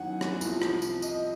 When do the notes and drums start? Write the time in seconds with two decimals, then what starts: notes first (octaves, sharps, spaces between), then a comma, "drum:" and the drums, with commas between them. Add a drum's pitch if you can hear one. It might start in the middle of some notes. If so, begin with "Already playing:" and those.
Already playing: F#2 D#3 F#5 G#5
0.21 drum: rim click
0.41 C2 C3 F3, drum: tambourine
0.62 drum: rim click
0.82 drum: tambourine
1.02 D#5, drum: tambourine